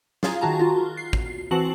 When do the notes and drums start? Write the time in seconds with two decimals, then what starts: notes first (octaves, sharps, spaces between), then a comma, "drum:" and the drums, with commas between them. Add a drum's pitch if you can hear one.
0.23 F4 G#4 F5 G#5 A#5, drum: snare
0.41 D#3 F#4 A5 A#5
0.60 F4 F#4
0.97 C7
1.13 drum: kick
1.51 E3 C4 F#4 F#5 A5 F#7